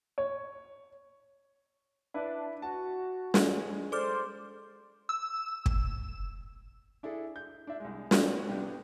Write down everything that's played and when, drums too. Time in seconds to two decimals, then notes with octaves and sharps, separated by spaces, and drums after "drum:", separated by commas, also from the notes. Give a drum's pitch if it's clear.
0.18 C#5
2.14 D4 E4 B4
2.62 F#4 A5
3.34 G#3, drum: snare
3.92 A4 C5 D5 D6 F6
5.09 E6
5.66 drum: kick
7.03 D4 E4 G#4 A4
7.36 G6
7.67 D4 E5
7.80 C2 G#3
8.11 B3 C4 D#4 F#4 G4, drum: snare
8.49 C2 B3 D4 G4